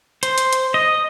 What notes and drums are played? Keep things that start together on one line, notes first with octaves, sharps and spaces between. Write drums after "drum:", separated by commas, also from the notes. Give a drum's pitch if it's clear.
C5, drum: hi-hat
drum: hi-hat
drum: hi-hat
D#5